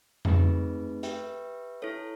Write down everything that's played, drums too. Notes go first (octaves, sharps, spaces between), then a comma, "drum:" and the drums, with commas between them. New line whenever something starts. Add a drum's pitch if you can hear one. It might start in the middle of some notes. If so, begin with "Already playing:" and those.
A3 C4 D#4 G#4 B4, drum: tom F2
G4 B4 E5 G5, drum: hi-hat
E4 A4 C#5